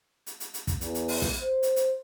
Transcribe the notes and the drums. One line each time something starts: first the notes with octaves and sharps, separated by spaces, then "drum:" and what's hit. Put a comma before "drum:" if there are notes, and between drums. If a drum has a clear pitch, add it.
drum: hi-hat
drum: hi-hat
drum: hi-hat
drum: kick, hi-hat
E2, drum: hi-hat
drum: hi-hat
drum: open hi-hat
drum: snare
C5
drum: hi-hat
drum: hi-hat